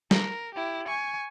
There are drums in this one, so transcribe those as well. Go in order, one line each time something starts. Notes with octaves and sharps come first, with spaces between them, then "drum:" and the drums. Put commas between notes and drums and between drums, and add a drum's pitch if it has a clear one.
A#4, drum: snare G3
E4 G4
G#5 C#6